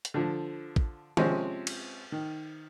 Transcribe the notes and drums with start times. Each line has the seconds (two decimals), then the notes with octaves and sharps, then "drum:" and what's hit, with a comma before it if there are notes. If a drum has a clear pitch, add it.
0.05 drum: hi-hat
0.14 D3 F3
0.76 drum: kick
1.17 C3 F3 G#3 C4 C#4, drum: tom
1.67 drum: cymbal
2.12 D#3